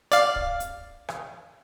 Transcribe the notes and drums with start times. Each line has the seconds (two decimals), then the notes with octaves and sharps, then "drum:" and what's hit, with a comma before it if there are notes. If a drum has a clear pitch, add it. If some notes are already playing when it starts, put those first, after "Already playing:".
0.12 D5 F5, drum: hi-hat
0.36 drum: kick
0.60 drum: hi-hat
1.09 drum: rim click